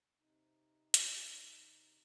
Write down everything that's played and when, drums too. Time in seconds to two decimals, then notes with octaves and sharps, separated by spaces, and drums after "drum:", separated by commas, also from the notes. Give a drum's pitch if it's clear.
0.19 C3 D#4
0.94 drum: hi-hat